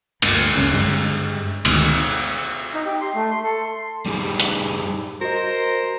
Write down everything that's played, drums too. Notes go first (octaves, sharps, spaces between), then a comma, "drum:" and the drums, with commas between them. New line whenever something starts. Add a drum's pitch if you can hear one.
D2 G2 A#3 D4, drum: cymbal
C#2 C#3 G#3 C#4
G2 D3 G3 G#3
D2 B2 D#3 G#3, drum: cymbal
D#4
G4
C6
A3
C6
A4
C6
G3 D#4 G4 G#4
drum: hi-hat
F#4 A#4 C5 D#5